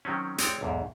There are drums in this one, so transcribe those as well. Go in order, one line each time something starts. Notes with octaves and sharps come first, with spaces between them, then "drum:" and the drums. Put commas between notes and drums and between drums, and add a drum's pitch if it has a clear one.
D#3 F#3 C4 C#4
G#3 C4 C#5 D5 G5, drum: hi-hat
B1 E2 G#2